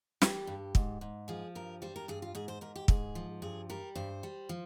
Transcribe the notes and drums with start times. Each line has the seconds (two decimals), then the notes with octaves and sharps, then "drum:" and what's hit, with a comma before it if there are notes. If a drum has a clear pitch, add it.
0.22 G3 G4, drum: snare
0.47 G2
0.75 G#2, drum: kick
1.01 G#2
1.28 F3 G#4
1.55 G2 A#4
1.82 G3 C5
1.96 A#4
2.08 G2 G#4
2.22 F4
2.35 G#2 G#4
2.48 C5
2.61 G#2 A#4
2.76 G4
2.88 G#2 G#4, drum: kick
3.15 F3
3.42 G2 G#4
3.70 G3 A#4
3.95 G2 C5
4.23 G3
4.49 F3